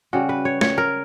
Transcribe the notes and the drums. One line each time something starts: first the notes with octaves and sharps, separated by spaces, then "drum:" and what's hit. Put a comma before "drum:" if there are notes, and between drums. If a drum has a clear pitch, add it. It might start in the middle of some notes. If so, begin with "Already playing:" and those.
C#3 G3 F#4
B4
C#5
C#5, drum: snare
A#4